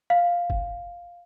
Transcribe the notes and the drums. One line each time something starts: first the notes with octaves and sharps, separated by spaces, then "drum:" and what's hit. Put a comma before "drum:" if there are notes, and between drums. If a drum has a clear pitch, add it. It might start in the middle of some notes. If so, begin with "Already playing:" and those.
F5
drum: kick F#1